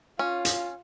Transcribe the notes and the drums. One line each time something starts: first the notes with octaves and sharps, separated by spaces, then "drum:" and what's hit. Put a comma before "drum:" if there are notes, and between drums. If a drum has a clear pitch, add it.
C#4 F4
drum: hi-hat